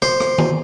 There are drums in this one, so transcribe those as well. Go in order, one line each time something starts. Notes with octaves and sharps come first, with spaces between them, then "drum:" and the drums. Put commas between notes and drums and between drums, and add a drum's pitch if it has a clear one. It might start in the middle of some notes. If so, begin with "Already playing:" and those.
C5, drum: rim click
drum: rim click
drum: tom D#3